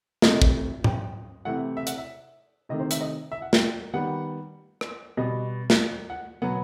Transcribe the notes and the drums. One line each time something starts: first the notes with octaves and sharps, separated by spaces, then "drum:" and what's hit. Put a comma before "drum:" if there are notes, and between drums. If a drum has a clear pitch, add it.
C3 E3 A3 D#5, drum: snare
drum: kick
G5, drum: tom G#2
C3 E3 A3 F#5
E5
F#5, drum: hi-hat
E5
C3 D#3 A3 D#5
C5
E5, drum: hi-hat
D#5
E5
F#5
G5, drum: snare
D#3 G3 B3 F#5
drum: rim click
B2 G3 B3 D#5
drum: snare
F#5
B2 F#3 B3 F#5